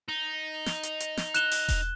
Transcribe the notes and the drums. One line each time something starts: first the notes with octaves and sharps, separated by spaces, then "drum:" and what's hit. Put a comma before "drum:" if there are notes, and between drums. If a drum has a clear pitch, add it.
D#4
drum: snare
drum: hi-hat
drum: hi-hat
drum: snare
F#6 E7 G7, drum: hi-hat
drum: open hi-hat
drum: kick E1, open hi-hat